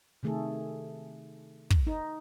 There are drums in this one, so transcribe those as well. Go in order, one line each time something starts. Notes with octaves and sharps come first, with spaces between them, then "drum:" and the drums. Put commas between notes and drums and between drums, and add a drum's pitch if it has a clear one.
C3 D#3 A3 G#4 A4
drum: kick
D#4